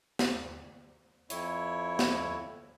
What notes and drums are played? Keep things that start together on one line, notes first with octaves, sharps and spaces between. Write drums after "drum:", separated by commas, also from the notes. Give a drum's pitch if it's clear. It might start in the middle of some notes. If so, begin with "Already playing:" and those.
drum: snare
F2 E4 C#5, drum: hi-hat
drum: snare